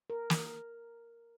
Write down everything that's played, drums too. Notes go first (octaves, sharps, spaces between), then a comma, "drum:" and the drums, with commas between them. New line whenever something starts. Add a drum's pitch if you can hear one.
A#4
drum: snare